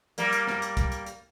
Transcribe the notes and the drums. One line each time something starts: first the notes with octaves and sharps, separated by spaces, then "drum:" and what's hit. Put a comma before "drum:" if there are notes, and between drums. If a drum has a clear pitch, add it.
G3 A#3, drum: hi-hat
drum: hi-hat
drum: snare
drum: hi-hat
drum: kick C2, hi-hat
drum: hi-hat
drum: hi-hat